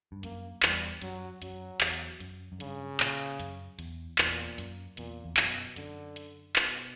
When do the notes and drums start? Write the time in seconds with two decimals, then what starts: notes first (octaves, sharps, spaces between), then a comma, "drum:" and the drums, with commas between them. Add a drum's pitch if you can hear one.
0.12 G2
0.23 F#2 A#3, drum: hi-hat
0.63 E2 G3, drum: clap
1.01 F#2 F#3, drum: hi-hat
1.42 F#2 F#3, drum: hi-hat
1.81 E2, drum: clap
2.20 F#2, drum: hi-hat
2.52 F#2
2.60 G2 C#3, drum: hi-hat
3.00 A#2, drum: clap
3.40 F#2, drum: hi-hat
3.79 E2, drum: hi-hat
4.18 E2 A#2, drum: clap
4.58 F#2, drum: hi-hat
4.97 E2 A#2, drum: hi-hat
5.25 E2
5.37 F#2 B2, drum: clap
5.76 F#2 D3, drum: hi-hat
6.16 drum: hi-hat
6.56 B2, drum: clap